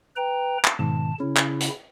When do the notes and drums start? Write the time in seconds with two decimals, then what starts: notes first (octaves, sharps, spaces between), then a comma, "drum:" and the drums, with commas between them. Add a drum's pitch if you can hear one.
0.16 B4 G5 A#5
0.64 drum: clap
0.79 G#2 B2 D#3 A5
1.20 C#3 C#4 E4
1.36 drum: clap
1.60 drum: hi-hat